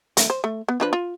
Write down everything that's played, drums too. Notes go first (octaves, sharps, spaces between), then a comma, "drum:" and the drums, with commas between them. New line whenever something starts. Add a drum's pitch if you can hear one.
A3, drum: hi-hat
C5
A3
B3
F3 D4 B4
F4